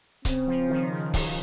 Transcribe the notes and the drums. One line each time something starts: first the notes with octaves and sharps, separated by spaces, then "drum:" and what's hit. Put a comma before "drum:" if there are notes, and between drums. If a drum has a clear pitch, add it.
C#3 C4, drum: kick C#1, hi-hat
F3
D#3
C#3
C#3, drum: kick C#1, open hi-hat